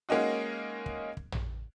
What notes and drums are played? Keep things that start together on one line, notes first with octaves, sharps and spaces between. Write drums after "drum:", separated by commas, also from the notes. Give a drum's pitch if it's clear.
G#3 A#3 C#4 D#4 F#4
drum: kick
drum: kick
drum: tom